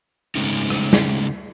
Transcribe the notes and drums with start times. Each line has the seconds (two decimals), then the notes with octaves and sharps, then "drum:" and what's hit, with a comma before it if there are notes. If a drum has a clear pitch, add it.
0.36 C#3 G#3 A3 C4 C#4 D#4
0.70 drum: rim click
0.93 drum: snare